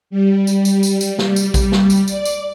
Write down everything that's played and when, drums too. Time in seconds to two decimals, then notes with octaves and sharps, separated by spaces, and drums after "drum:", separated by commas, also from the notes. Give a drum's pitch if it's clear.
0.10 G3
0.47 drum: tambourine
0.65 drum: tambourine
0.83 drum: tambourine
1.01 drum: tambourine
1.19 drum: snare
1.36 drum: tambourine
1.54 drum: kick A#1, tambourine
1.72 drum: snare
1.90 drum: tambourine
2.08 D5, drum: tambourine
2.25 drum: tambourine